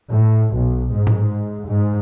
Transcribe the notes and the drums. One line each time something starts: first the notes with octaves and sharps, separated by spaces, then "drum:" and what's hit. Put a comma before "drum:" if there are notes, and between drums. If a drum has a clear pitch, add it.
A2
B1
G#2
drum: tom A2
G#2